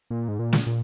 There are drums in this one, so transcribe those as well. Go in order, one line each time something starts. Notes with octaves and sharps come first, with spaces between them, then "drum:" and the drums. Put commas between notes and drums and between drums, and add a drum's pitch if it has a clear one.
A#2
G#2
A#2
drum: snare
A#2